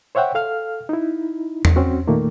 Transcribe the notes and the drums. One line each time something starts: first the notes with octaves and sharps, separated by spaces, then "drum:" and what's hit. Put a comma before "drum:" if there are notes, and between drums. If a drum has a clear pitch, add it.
C5 C#5 E5 F#5 G5
A4 F5 F6
D#4 E4
drum: tom E2
C4 C#4 F#4
A#2 D#3 A3 A#3